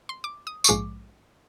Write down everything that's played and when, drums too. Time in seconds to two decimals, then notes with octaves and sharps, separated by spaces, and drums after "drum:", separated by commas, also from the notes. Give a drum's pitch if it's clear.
0.09 C6
0.24 D6
0.47 D#6
0.64 C#6, drum: tambourine
0.68 A#1 G#2 F3 G#3 D6